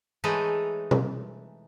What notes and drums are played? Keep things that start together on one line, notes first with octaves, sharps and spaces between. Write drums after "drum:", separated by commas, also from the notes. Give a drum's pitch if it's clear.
E3 G#3 A3 D#4 A4 C#5
drum: tom B2